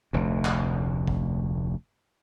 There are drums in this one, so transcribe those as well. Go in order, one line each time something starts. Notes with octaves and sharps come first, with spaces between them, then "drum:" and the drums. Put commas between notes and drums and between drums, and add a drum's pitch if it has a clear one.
F1 D2
drum: clap
drum: kick A1